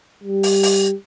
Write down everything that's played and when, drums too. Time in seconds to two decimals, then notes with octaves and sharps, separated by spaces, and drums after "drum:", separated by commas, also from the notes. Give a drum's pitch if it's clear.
0.23 G3
0.43 drum: open hi-hat
0.63 drum: open hi-hat